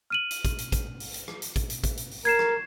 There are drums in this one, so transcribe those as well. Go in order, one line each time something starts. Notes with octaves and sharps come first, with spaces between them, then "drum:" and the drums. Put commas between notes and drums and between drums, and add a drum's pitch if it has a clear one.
F6 D#7 F#7
drum: hi-hat
drum: kick A1, hi-hat
drum: hi-hat
drum: kick A1, hi-hat
drum: open hi-hat
drum: hi-hat
drum: rim click
drum: hi-hat
drum: kick A1, hi-hat
drum: hi-hat
drum: kick A1, hi-hat
drum: hi-hat
drum: open hi-hat
A#4 G#6 C7 E7, drum: hi-hat
drum: rim click